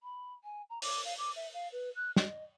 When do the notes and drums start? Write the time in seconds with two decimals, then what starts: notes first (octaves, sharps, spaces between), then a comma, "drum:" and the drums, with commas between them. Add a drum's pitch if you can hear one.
0.03 B5
0.44 G#5
0.69 A#5
0.82 D6, drum: open hi-hat
1.04 F5
1.18 D6
1.36 E5
1.53 F5
1.72 B4
1.95 F#6
2.16 D#5, drum: snare